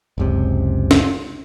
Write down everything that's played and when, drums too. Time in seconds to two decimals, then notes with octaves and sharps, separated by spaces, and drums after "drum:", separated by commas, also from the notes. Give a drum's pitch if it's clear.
0.18 F#1 C#2 C3
0.91 drum: snare